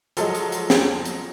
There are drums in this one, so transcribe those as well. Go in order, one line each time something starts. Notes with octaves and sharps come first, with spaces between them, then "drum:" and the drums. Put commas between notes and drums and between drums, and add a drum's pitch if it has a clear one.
F3 F#3 G#3 A4 D#5, drum: hi-hat
drum: hi-hat
drum: hi-hat
drum: snare
drum: hi-hat